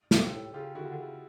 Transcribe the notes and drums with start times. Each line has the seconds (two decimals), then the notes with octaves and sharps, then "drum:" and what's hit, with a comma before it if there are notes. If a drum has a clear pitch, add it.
0.11 E2 G4 A4, drum: snare
0.23 G#2
0.33 A2
0.54 C#3 F4 G4
0.75 D3 E4 F#4
0.83 C#3
0.90 D3
0.97 C#3